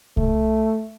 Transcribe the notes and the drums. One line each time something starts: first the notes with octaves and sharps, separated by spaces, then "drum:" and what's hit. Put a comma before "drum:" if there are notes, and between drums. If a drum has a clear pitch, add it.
A3, drum: kick C2